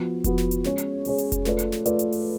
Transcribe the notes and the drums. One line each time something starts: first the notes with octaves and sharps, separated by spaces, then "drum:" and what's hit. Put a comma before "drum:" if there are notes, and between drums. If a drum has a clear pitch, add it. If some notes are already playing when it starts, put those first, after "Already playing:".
Already playing: F3 B3 F#4
F3 B3 F#4, drum: kick F1, hi-hat
drum: snare
drum: hi-hat
G#3 C#4 G#4 C#5, drum: snare
drum: hi-hat
G#3 C#4 G#4 C#5, drum: open hi-hat
drum: hi-hat
drum: kick F1, hi-hat
A3 F4 B4 D5, drum: snare
drum: hi-hat
drum: snare
A3 F4 B4 D5, drum: hi-hat
drum: hi-hat
drum: open hi-hat